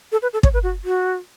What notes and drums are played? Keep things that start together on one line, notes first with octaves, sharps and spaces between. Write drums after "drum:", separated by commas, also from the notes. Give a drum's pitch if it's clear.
A4
B4
A4
C#5, drum: kick
B4
F#4
F#4